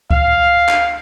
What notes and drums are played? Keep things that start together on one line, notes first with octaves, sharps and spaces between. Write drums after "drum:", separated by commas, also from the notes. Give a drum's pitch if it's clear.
F5, drum: kick C#2
drum: clap